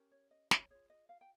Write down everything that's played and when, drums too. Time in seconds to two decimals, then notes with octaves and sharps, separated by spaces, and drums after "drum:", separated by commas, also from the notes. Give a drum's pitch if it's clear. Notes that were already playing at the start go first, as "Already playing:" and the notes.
Already playing: C#4 G4 A#4
0.12 C#5
0.31 D#5
0.51 C#5, drum: snare
0.70 F4 G#4 C#5
0.90 D#5
1.09 F5
1.21 G5